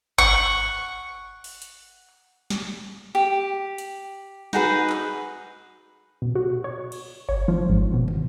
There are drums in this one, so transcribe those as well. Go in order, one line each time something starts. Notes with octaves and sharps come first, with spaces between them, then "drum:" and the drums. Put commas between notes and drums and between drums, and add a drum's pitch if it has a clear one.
F#5 C#6, drum: kick G1
drum: open hi-hat
drum: hi-hat
drum: snare
G4
drum: hi-hat
D#4 F#4 G#4 B4, drum: snare
drum: clap
B2
F#4
C#5
drum: cymbal
C#5, drum: kick G1
F3
G#2, drum: kick G1
B2
drum: tom